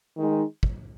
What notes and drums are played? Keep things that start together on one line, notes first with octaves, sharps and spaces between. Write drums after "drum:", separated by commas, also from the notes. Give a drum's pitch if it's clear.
D#3 G#3 D#4
drum: kick